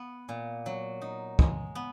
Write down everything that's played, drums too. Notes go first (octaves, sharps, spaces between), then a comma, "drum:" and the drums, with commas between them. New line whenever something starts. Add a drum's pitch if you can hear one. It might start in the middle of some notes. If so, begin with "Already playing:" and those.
Already playing: B3
A#2
F#3
D#4
G#3, drum: kick
B3